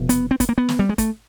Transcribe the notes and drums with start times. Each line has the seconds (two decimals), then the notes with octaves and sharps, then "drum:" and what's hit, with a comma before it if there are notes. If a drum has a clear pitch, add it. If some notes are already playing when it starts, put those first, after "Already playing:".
Already playing: F1 B2
0.09 B3, drum: hi-hat
0.31 C4
0.40 B3, drum: kick, hi-hat
0.49 A#3
0.58 B3
0.69 drum: snare
0.79 G3
0.89 G#3
0.98 A3, drum: kick, hi-hat